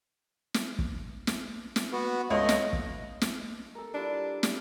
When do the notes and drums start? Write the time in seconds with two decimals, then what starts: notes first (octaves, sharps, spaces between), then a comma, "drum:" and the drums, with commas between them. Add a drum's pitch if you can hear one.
0.54 drum: snare
0.79 drum: kick
1.27 drum: snare
1.76 drum: snare
1.92 B3 F#4
2.30 C#2 A3 C#5 D#5
2.49 drum: snare
2.73 drum: kick
3.21 drum: snare
3.75 A4 A#4
3.94 G3 D4 E4 F4
4.43 drum: snare